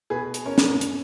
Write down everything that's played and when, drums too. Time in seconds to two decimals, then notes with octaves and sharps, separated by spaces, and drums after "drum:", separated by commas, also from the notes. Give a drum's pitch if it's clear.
0.10 B2 G#4 B4
0.34 drum: hi-hat
0.45 C#4 A#4 C#5
0.58 drum: snare
0.81 drum: hi-hat